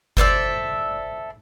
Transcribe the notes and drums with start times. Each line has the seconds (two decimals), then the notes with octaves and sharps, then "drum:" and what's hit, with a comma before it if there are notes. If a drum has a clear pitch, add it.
0.17 A4 C5 D5 E5, drum: kick G1